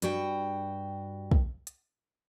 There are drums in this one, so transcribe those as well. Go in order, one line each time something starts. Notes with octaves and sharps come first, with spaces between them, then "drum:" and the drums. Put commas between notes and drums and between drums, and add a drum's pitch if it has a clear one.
G2 F#4 G5, drum: hi-hat
drum: kick
drum: hi-hat